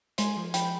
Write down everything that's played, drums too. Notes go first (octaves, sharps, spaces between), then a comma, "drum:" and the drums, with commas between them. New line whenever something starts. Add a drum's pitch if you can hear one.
G#3 G#5 C6, drum: hi-hat
F3
F3 G5 B5, drum: hi-hat